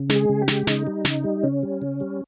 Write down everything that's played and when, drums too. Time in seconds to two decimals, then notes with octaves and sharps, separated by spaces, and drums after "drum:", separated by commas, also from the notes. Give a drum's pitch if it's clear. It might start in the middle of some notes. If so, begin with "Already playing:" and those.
Already playing: C#3
0.09 G#3, drum: snare
0.16 G#4
0.29 C#3
0.42 G4
0.48 G#3, drum: snare
0.67 C#3 D#4, drum: snare
0.87 G3
1.05 C#3, drum: snare
1.24 G3
1.43 C#3 C#4
1.63 G3
1.82 C#3
2.00 G3